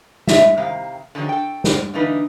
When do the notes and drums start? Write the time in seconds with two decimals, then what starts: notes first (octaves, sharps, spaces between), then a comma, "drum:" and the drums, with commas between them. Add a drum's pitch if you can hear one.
0.27 E4 D#5 E5, drum: snare
0.57 C3 D#3 F5
1.15 D3 D#3 F3 F#3 G#4
1.29 A4 G5
1.64 drum: snare
1.94 D3 E3 A#3 D4 D#4 B4